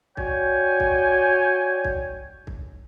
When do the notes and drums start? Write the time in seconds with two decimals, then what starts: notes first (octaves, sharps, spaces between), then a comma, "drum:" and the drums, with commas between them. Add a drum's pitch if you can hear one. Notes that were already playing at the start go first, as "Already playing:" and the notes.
0.17 F#4 C#5 D5 G5 G#5, drum: kick C2
0.80 drum: kick C2
1.84 drum: kick C2
2.47 drum: kick C2